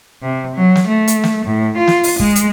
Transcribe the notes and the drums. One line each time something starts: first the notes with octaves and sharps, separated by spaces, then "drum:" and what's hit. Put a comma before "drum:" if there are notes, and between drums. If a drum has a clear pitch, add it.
C3
F#3
drum: snare
A3
drum: hi-hat
drum: snare
A2
F4
drum: snare
drum: open hi-hat
G#3, drum: kick
drum: hi-hat